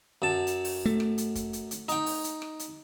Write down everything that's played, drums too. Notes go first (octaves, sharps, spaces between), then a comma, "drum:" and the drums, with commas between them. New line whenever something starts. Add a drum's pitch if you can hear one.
F#2 A5
drum: hi-hat
drum: open hi-hat
A3
drum: rim click
drum: hi-hat
drum: kick, hi-hat
drum: hi-hat
drum: hi-hat
D#4 G5, drum: hi-hat
drum: open hi-hat
drum: hi-hat
drum: rim click
drum: hi-hat